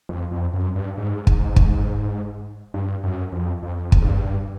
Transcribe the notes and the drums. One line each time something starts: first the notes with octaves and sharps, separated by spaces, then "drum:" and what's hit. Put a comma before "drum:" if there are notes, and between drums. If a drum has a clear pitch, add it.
F2
F2
F#2
G2
G#2
drum: kick
drum: kick
G2
F#2
F2
F2
drum: kick
G#2
G2